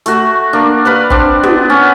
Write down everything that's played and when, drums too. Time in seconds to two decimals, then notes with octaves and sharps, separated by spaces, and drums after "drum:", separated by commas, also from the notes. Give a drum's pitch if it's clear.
0.06 A3 F#4, drum: hi-hat
0.53 A#3 D4
0.85 B4 F5 F#5
1.10 C4 D4, drum: kick
1.43 B3, drum: tom
1.70 C#4